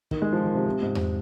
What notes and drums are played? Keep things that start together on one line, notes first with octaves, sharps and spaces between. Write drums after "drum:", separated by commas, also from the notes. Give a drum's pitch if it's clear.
D#3, drum: kick
G#3
F3
D#3
C3
C3
G#2
drum: tom E2